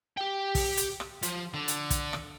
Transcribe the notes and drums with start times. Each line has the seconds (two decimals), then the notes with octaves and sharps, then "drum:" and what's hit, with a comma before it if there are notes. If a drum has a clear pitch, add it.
0.17 G4 G5
0.55 drum: kick, open hi-hat
0.77 drum: hi-hat
1.00 drum: rim click
1.23 F3, drum: hi-hat
1.54 D3
1.68 drum: hi-hat
1.90 drum: kick, hi-hat
2.13 drum: rim click